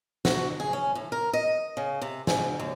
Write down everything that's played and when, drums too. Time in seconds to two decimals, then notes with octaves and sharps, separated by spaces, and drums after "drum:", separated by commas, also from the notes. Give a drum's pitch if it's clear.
0.25 F#4, drum: snare
0.60 G#4
0.73 C#4
0.95 A2
1.12 A#4
1.33 D#5
1.77 C#3
2.02 C3
2.27 G#2, drum: snare
2.60 D#2